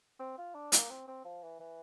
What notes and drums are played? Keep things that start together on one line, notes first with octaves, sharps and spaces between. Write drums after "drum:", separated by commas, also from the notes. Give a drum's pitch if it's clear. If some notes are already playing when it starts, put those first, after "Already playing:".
C4
F4
D4
A#3, drum: hi-hat
C4
C4
F3
E3
E3